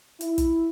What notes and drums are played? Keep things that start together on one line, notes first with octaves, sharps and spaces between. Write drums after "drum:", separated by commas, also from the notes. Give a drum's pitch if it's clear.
E4, drum: hi-hat
drum: kick, hi-hat